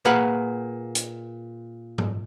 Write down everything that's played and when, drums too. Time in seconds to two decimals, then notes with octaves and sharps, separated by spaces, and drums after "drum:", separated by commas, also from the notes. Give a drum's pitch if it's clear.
0.05 A#2 G#4 B4 F5 F#5
0.95 drum: hi-hat
1.98 drum: tom G#2